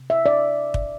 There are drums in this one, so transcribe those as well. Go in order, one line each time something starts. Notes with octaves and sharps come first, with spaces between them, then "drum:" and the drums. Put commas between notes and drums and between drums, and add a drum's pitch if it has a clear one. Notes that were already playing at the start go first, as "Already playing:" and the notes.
Already playing: C3
E5
D5
drum: kick